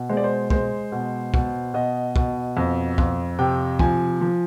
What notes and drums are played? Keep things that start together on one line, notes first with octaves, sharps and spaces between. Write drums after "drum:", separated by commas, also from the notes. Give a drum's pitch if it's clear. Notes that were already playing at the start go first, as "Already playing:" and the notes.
Already playing: B2
G#3 C5
D5
C5
G#3 C5, drum: kick
B2
B2, drum: kick
B2 D#5
B2, drum: kick
F2
F2, drum: kick
C3 G5
F3 G#5, drum: kick
F3